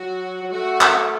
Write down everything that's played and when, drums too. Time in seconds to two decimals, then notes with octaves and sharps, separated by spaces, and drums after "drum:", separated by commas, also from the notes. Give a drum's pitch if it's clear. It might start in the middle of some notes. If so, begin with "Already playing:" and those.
Already playing: F#3 F#4
0.43 F#3
0.51 A3 F#4
0.81 drum: clap